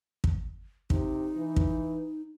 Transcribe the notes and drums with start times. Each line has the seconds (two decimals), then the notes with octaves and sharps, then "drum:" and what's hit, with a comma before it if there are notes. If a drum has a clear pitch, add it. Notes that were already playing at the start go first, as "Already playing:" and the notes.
0.24 drum: kick
0.90 C3 D#4, drum: kick
1.37 E3
1.56 drum: kick